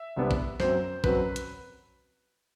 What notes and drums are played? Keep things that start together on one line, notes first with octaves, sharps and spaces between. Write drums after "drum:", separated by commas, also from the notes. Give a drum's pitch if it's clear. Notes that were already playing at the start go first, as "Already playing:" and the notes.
Already playing: E5
C2 C3 G3 B3 D4
drum: kick A#1
F#2 F#3 C4 C5, drum: snare
F#2 F#3 C4 B4, drum: kick A#1
drum: hi-hat